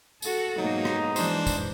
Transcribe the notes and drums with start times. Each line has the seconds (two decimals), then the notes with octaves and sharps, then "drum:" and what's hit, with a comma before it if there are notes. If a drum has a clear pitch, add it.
0.22 F#4 A4, drum: tambourine
0.58 G#2 B2 F#3 A#3 D#4
0.85 drum: rim click
1.16 E3 G#3 D4 C5, drum: tambourine
1.47 drum: kick, tambourine